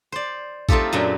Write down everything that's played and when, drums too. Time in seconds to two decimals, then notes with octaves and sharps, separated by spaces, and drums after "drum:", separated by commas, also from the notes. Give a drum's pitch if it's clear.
0.12 C5 D5
0.69 A3 C4 D#4 F4 G4 A4, drum: kick A1
0.92 F#2 A#2 F#3 D4 G4 G5